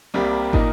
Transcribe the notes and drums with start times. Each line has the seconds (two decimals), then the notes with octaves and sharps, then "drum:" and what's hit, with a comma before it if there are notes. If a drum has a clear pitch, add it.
0.14 C2 C3 G3 A#3 G4
0.53 A#2 A#3 D#4 A#4, drum: kick